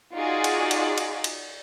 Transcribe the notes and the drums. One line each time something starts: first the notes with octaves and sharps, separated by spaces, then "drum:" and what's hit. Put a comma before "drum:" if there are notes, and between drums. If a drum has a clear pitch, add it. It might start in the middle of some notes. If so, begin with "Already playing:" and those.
D#4 F4 F#4 G#4 D5
drum: cymbal
drum: cymbal
drum: cymbal
drum: cymbal